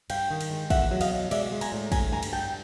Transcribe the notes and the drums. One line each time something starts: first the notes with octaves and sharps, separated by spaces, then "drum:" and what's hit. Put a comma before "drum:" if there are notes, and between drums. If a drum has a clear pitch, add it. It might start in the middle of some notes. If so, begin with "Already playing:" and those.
G2 F5 G5, drum: cymbal
D#3
drum: cymbal
G#3
E2 E5 F#5, drum: kick, cymbal
F#3
D#5 F5, drum: cymbal
B2
G#3 D5 E5, drum: cymbal
G#3
G#5 A#5, drum: cymbal
A2
G2 G#5 A#5, drum: kick, cymbal
G2 G#5 A#5
drum: cymbal
G2 G5 A5